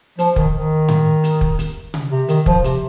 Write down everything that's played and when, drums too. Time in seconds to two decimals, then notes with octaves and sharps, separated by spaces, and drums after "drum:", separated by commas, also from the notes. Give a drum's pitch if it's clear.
0.18 F3, drum: hi-hat
0.36 D#3, drum: kick
0.54 D#3
0.88 drum: tom G#2
1.24 drum: hi-hat
1.41 drum: kick
1.59 drum: hi-hat
1.94 drum: tom C3
2.11 C3
2.28 D#3, drum: hi-hat
2.46 F3, drum: kick
2.64 C3, drum: hi-hat